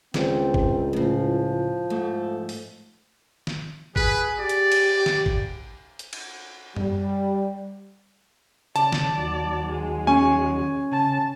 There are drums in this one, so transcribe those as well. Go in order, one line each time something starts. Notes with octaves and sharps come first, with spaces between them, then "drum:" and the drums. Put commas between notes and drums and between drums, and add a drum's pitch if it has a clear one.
C#2 D3 G3 A3 C4, drum: snare
drum: kick
A2 C#3 F3
F2 G#2 A3
drum: open hi-hat
drum: snare
G#4 B4, drum: kick
G4 D5
drum: hi-hat
drum: cymbal
drum: snare
drum: kick
drum: hi-hat
drum: cymbal
G3, drum: tom F#2
C#3 D5 A5, drum: hi-hat
drum: snare
D#2 F#3
G#3
C#4 G#5
C#3 A5